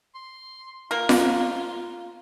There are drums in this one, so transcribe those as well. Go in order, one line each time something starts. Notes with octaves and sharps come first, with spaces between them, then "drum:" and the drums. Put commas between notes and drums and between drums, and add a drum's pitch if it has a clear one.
C6
A#3 F4 A#4
drum: snare F4